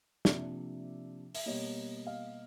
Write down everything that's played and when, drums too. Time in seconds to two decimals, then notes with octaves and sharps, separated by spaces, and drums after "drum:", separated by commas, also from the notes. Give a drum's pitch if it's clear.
0.25 C3 F3 A#3 D4 D5 E5, drum: snare
1.35 E5, drum: open hi-hat
1.46 B2 G3 A#3 C#5 D#5
2.07 D#5 F5